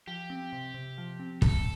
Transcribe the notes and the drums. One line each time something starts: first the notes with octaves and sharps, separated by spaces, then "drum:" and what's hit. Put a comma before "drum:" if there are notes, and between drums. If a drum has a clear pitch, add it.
F3 G4
C4
C3
C3
F3
C4
C3 A4, drum: kick